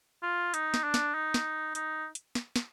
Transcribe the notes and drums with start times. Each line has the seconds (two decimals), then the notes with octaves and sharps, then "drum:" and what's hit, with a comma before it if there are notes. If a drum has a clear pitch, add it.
0.23 F4
0.54 D#4, drum: hi-hat
0.74 drum: snare
0.84 D4
0.94 drum: snare
1.14 D#4
1.34 drum: snare
1.75 D#4, drum: hi-hat
2.15 drum: hi-hat
2.35 drum: snare
2.56 drum: snare